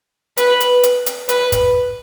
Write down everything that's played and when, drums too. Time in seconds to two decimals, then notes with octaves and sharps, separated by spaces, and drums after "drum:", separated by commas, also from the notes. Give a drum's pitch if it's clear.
0.37 B4, drum: hi-hat
0.60 drum: hi-hat
0.83 drum: hi-hat
1.06 drum: hi-hat
1.29 B4, drum: hi-hat
1.52 drum: kick, hi-hat